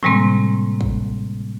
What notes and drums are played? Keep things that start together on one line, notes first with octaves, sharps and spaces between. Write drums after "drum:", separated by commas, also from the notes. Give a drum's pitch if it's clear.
A2 C3 G3 G#3 A#3 C4, drum: tom D3
drum: kick